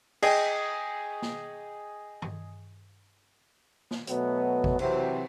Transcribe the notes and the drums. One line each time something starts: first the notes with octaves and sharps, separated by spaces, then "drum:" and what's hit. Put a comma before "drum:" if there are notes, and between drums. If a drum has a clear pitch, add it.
G#4 D#5 G5, drum: cymbal
drum: snare
drum: tom G2
drum: snare
B2 F#3 A3 B3, drum: hi-hat
drum: kick A1
C3 E3 F#3 C4 F#4, drum: cymbal